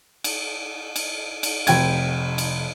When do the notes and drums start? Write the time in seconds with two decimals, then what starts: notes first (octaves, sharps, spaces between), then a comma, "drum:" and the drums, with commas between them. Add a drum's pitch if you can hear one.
0.24 drum: cymbal
0.96 drum: cymbal
1.43 drum: cymbal
1.67 F1 G5 G#6, drum: cymbal
2.38 drum: cymbal